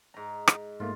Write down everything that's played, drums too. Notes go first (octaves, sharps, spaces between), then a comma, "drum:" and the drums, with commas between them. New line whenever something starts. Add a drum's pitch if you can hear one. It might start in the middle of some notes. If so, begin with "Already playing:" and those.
G#2 A#5
drum: rim click
G#2 A3 A#3 F4